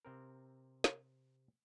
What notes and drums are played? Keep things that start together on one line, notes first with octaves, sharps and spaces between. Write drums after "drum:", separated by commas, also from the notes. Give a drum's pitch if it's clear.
C3 C4 A#4
drum: snare